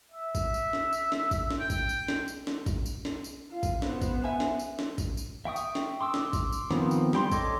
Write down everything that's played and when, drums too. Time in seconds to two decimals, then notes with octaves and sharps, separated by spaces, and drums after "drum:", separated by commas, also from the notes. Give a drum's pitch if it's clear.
0.12 E5
0.35 drum: kick A1, tambourine
0.54 drum: tambourine
0.73 drum: snare
0.93 drum: tambourine
1.12 drum: snare
1.31 drum: kick A1, tambourine
1.51 drum: snare
1.60 G5
1.70 drum: kick A1, tambourine
1.89 drum: tambourine
2.08 drum: snare
2.28 drum: tambourine
2.47 drum: snare
2.66 drum: kick A1, tambourine
2.86 drum: tambourine
3.05 drum: snare
3.24 drum: tambourine
3.50 F4 F5
3.63 drum: kick A1, tambourine
3.82 B3 C5, drum: snare
4.02 drum: kick A1, tambourine
4.24 E5 G#5
4.40 drum: snare
4.59 drum: tambourine
4.79 drum: snare
4.98 drum: kick A1, tambourine
5.17 drum: tambourine
5.45 E5 G5 C#6 D#6
5.56 drum: tambourine
5.75 drum: snare
6.01 C6 D6 E6
6.14 drum: snare
6.33 drum: kick A1, tambourine
6.52 drum: tambourine
6.71 D#3 F3 B3 C4, drum: snare
6.91 drum: tambourine
7.13 G3 G5 C6, drum: snare
7.31 A4 C#5 D#5 C6 D6, drum: kick A1, tambourine